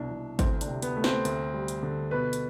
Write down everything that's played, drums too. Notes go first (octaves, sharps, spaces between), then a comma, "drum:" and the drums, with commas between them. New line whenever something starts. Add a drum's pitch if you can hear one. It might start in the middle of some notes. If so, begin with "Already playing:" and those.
Already playing: C2 B2 D4
C2
D2 C4, drum: kick G#1, hi-hat
D4, drum: hi-hat
C3
B3, drum: hi-hat
A3
C4, drum: snare
D2, drum: hi-hat
G3
drum: hi-hat
D3
B2 B4
drum: hi-hat